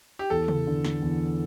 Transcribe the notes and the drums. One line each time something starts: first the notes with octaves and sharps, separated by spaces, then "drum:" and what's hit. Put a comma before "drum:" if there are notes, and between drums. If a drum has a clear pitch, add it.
G4
E2 A4
drum: tom
D3
drum: snare
E2